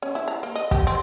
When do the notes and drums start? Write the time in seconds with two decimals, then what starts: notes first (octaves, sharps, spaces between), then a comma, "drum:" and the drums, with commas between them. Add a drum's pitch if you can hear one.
0.02 C#4
0.15 E4
0.28 A#5
0.43 A#3
0.56 D#5
0.71 G4, drum: kick
0.87 C4